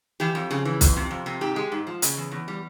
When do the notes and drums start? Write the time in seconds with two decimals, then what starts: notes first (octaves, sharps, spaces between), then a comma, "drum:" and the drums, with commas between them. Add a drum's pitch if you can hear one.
0.20 E3 G4
0.35 F2
0.51 C#3
0.65 E3
0.81 F2, drum: kick, hi-hat
0.97 C3
1.11 F2
1.26 C3
1.41 G#2 G4
1.56 G#3
1.72 G#2
1.87 F3
2.02 C#3, drum: hi-hat
2.17 E2
2.31 E2
2.48 G3